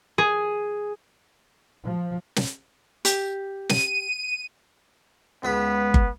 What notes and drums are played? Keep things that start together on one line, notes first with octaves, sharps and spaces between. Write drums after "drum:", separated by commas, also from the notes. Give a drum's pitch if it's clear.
G#4
F3
drum: snare
G4, drum: hi-hat
D#7, drum: snare
C#2 B3 B4
drum: kick G1